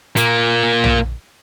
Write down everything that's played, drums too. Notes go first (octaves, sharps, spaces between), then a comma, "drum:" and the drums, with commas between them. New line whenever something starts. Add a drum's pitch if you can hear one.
A#2 A#3, drum: hi-hat
drum: tom